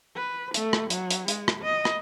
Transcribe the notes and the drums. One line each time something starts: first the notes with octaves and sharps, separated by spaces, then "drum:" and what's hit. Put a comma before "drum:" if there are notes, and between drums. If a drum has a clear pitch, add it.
B4
A3, drum: hi-hat
drum: rim click
F#3, drum: hi-hat
drum: hi-hat
G#3, drum: hi-hat
drum: rim click
D#5
drum: rim click